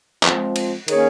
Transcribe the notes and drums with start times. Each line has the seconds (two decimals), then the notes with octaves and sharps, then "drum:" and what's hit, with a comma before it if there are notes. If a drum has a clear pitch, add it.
0.23 F3 G#3 C4 F4, drum: clap
0.56 drum: cymbal
0.88 D#3 A#3 C#4 G#4 C#5, drum: cymbal